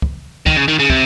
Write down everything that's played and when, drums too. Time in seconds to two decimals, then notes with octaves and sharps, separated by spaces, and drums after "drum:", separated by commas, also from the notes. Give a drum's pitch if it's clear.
0.02 drum: kick
0.46 D#3, drum: kick
0.57 C#3
0.68 D#3
0.79 C#3
0.90 C3, drum: kick